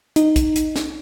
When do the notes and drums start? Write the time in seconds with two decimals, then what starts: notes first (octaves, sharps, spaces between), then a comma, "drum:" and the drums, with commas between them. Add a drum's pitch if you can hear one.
0.16 D#4, drum: hi-hat
0.36 drum: kick, hi-hat
0.56 drum: hi-hat
0.76 drum: snare